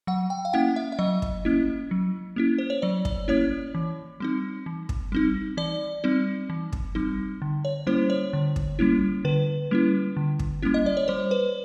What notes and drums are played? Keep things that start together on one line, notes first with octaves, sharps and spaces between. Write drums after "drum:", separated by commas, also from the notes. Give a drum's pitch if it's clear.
F#3 F#5
G5
F5
A#3 C#4 E4 F#5
E5
E5
F#3 D#5
drum: kick
A#3 C#4 E4
F#3
A#3 C#4 E4
C5
C#5
F#3 D5
D5, drum: kick
A#3 C#4 E4 C#5
E3
G3 C4 D#4
E3
drum: kick
G3 C4 D#4
E3 D5
G3 C4 D#4
E3
drum: kick
G3 C4 D#4
D3
C#5
G3 A#3 C#4 E4 C5
C#5
D3
drum: kick
G3 A#3 C#4 E4
D3 B4
G3 A#3 C#4 E4
D3
drum: kick
G3 A#3 C#4 E4
D#5
D5
C#5
G3 C5
B4